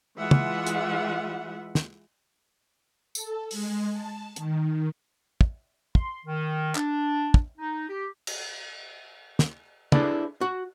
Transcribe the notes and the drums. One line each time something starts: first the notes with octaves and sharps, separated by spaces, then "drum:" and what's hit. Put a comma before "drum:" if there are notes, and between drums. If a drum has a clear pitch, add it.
E3 G#3 F4 E5 F#5
drum: tom
drum: hi-hat
drum: snare
A4, drum: tambourine
G#3, drum: open hi-hat
A5
D#3, drum: hi-hat
drum: kick
C6, drum: kick
D#3
D4, drum: clap
drum: kick
D#4
G4
drum: cymbal
drum: snare
D4 E4 G#4 A4 B4 D5, drum: tom
F#4